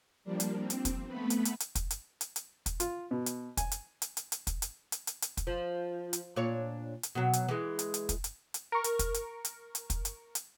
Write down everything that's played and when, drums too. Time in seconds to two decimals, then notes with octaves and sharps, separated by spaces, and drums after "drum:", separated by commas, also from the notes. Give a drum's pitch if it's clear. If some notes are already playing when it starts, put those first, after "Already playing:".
0.24 F3 G3 A#3 D4
0.40 drum: hi-hat
0.59 C4
0.70 drum: hi-hat
0.85 drum: kick, hi-hat
1.07 A3 B3 B4
1.30 drum: hi-hat
1.45 drum: hi-hat
1.60 drum: hi-hat
1.75 drum: kick, hi-hat
1.91 drum: hi-hat
2.21 drum: hi-hat
2.36 drum: hi-hat
2.66 drum: kick, hi-hat
2.80 F4, drum: hi-hat
3.11 B2
3.26 drum: hi-hat
3.57 G#5, drum: kick, hi-hat
3.71 drum: hi-hat
4.02 drum: hi-hat
4.17 drum: hi-hat
4.32 drum: hi-hat
4.47 drum: kick, hi-hat
4.62 drum: hi-hat
4.92 drum: hi-hat
5.07 drum: hi-hat
5.22 drum: hi-hat
5.37 drum: kick, hi-hat
5.47 F3
6.13 drum: hi-hat
6.36 A#2 D4 C#5
7.03 drum: hi-hat
7.15 B2 F#3
7.33 drum: hi-hat
7.49 E3 G#3
7.79 drum: hi-hat
7.94 drum: hi-hat
8.09 drum: kick, hi-hat
8.24 drum: hi-hat
8.54 drum: hi-hat
8.72 A#4 C#6
8.84 drum: hi-hat
8.99 drum: kick, hi-hat
9.14 drum: hi-hat
9.45 drum: hi-hat
9.75 drum: hi-hat
9.90 drum: kick, hi-hat
10.05 drum: hi-hat
10.35 drum: hi-hat